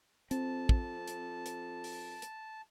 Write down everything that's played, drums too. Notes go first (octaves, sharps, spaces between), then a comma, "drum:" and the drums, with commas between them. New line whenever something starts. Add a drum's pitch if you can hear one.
F2 C4 A5, drum: hi-hat
drum: kick
drum: hi-hat
drum: hi-hat
drum: open hi-hat
drum: hi-hat